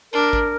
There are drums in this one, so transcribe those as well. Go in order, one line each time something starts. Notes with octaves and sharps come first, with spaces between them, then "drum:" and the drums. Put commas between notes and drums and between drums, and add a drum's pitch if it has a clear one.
D4 A#4
drum: kick G#1